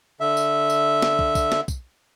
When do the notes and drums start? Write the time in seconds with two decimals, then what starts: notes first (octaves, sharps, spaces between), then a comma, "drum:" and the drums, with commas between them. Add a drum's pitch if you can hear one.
0.20 D3 E5
0.37 drum: tambourine
0.70 drum: tambourine
1.02 drum: snare
1.19 drum: kick
1.35 drum: kick, tambourine
1.52 drum: snare
1.68 drum: kick, tambourine